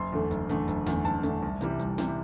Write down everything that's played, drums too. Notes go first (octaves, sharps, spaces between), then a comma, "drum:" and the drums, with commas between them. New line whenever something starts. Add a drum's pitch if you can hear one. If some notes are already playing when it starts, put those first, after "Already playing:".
Already playing: F#1 C6
E2 D3 A3
F#1, drum: hi-hat
E2 D3 A3, drum: hi-hat
F#1, drum: hi-hat
E2 D3 A3, drum: snare
F#1 A5, drum: hi-hat
E2 D3 A3, drum: hi-hat
C2
C3 E3 G3, drum: hi-hat
C2, drum: hi-hat
C3 E3 G3, drum: snare